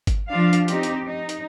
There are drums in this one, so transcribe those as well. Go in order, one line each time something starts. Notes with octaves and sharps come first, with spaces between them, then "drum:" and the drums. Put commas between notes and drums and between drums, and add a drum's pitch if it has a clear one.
drum: kick G1, hi-hat
F3 D4 F4 F5
drum: hi-hat
C4 D#4 G4, drum: hi-hat
drum: hi-hat
D#4
drum: hi-hat